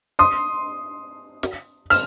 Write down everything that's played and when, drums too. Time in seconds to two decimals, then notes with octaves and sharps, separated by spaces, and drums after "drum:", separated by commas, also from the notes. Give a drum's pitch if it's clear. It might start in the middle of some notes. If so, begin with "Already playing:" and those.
0.19 C6 D#6
1.43 drum: snare
1.90 F6, drum: open hi-hat